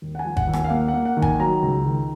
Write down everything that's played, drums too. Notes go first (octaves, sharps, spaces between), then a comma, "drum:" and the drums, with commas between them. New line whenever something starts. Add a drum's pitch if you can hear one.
D#2
F#5
G#5
F3
F#5, drum: kick
D#2
G#5, drum: rim click
F5
A#3 F#5
F#5
A#3
F#5
D#3
G#5, drum: kick
F#3 A#5
C#2
D#3